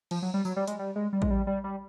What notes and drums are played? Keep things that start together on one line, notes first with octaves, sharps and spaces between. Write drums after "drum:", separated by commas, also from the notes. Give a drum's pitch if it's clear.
F3, drum: cymbal
F#3
G3
F#3, drum: tambourine
G3
G#3, drum: hi-hat
G3
G#3
G3
G#3, drum: kick A1
G3
G3
G3